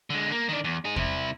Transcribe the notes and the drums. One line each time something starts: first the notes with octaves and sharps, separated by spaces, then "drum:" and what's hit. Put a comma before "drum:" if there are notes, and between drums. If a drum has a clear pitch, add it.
D3 G#3
A#3
D#3 D4
E2
D#4 G#4
C3 E4, drum: kick E2